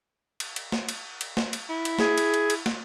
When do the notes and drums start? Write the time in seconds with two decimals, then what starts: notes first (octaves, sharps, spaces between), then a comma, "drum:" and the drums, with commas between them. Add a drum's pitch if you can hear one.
0.40 drum: cymbal
0.56 drum: cymbal
0.72 drum: snare
0.89 drum: cymbal
1.21 drum: cymbal
1.37 drum: snare
1.53 drum: cymbal
1.69 E4
1.85 drum: cymbal
1.99 G#4, drum: snare
2.18 drum: cymbal
2.34 drum: cymbal
2.50 drum: cymbal
2.66 drum: snare